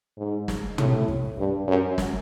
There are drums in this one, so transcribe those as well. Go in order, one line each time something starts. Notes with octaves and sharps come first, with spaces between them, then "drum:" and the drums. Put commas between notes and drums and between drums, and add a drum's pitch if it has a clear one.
G#2
drum: snare
A2, drum: tom
drum: kick
G2
F#2
drum: snare